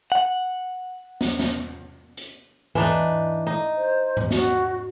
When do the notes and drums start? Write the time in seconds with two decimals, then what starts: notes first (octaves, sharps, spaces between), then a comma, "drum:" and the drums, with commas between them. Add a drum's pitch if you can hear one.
0.12 F#5
1.21 drum: snare
1.39 drum: snare
2.17 drum: hi-hat
2.75 E3 D4 D#4, drum: tom G#2
3.47 D#4
3.77 C5
4.17 drum: tom G#2
4.31 F#4, drum: snare